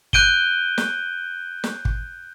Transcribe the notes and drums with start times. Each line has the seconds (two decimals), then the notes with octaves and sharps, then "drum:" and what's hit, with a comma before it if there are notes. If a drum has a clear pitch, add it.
0.13 F#6 G6 D7 D#7 G7, drum: kick
0.78 drum: snare
1.64 drum: snare
1.85 drum: kick